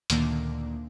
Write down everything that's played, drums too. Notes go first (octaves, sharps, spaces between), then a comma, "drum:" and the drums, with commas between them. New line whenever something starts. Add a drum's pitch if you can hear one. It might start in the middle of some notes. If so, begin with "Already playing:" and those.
D2 A#2 D3 D#3 A#3 D4, drum: hi-hat